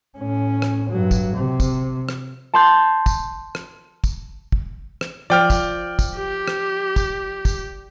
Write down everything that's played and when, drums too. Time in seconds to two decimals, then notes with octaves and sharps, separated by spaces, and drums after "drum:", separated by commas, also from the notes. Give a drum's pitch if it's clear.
0.18 A2 C#4
0.62 drum: rim click
0.90 G2 F#3
1.11 drum: kick, tambourine
1.35 C3
1.60 drum: kick, tambourine
2.09 drum: rim click
2.54 A5 C6 G6
3.06 drum: kick, tambourine
3.55 drum: rim click
4.04 drum: kick, tambourine
4.52 drum: kick
5.01 drum: rim click
5.30 F3 D5 G5 F6
5.50 drum: kick, tambourine
5.99 drum: kick, tambourine
6.16 G4
6.48 drum: rim click
6.96 drum: kick, tambourine
7.45 drum: kick, tambourine